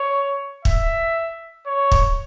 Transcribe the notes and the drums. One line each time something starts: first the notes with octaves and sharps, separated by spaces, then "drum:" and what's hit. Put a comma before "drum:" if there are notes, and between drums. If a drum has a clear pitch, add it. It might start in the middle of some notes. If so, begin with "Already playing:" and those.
Already playing: C#5
E5, drum: kick
C#5
drum: kick